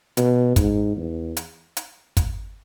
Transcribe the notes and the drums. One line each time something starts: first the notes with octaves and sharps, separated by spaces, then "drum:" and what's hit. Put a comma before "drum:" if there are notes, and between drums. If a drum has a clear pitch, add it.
B2, drum: hi-hat
G#2, drum: kick, hi-hat
E2
drum: hi-hat
drum: hi-hat
drum: kick, hi-hat